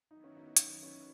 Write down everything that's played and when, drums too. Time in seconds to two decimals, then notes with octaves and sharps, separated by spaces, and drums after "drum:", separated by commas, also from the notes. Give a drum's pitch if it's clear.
0.11 D#3 F#3 B3 D#4 E4
0.24 C#4
0.37 D#4
0.57 drum: hi-hat
0.83 C#4